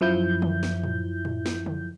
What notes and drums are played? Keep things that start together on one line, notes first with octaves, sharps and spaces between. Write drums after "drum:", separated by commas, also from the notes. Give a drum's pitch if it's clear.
F#2 F3 E4 G6
drum: tom D3
drum: snare
drum: tom A2
drum: tom A2
drum: snare
drum: tom C#3